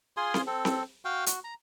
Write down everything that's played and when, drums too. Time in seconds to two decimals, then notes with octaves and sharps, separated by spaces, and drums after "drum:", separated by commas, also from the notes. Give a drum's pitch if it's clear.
0.17 F4 G#4 G#5 C6
0.34 drum: snare C4
0.47 C4 A4
0.65 drum: snare C4
1.05 F#4 F5 G5
1.26 F#4, drum: hi-hat
1.44 A#5